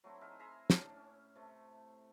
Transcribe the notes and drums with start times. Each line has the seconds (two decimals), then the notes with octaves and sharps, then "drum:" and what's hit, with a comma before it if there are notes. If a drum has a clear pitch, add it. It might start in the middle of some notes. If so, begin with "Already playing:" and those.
0.04 F#3 A3 C4 E4
0.21 D#4 E4 G#4 A#4
0.39 G#4 E5 A#5 C6
0.70 A2 C#4 D4, drum: snare
0.96 C#4
1.36 C3 A3